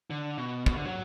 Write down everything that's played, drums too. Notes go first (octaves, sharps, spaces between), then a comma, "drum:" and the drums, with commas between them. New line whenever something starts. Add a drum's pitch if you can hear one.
D3
B2
B2, drum: kick
D3
F#3